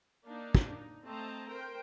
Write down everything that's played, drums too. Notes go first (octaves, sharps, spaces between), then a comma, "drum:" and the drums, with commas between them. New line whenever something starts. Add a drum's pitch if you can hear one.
A#3 D4 D#4
drum: kick
D#4
A3 C4 C5 D#5 A5 A#5
A#4 C5 G5